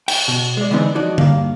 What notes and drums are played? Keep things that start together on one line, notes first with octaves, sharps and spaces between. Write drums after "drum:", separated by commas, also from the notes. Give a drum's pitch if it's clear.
G5, drum: cymbal
B2
G#3 D5
D3 E3 G#3 B3 C4 D#4
F3 D#4 F#4 C#5 D5
G2 A#3 F5, drum: tom D3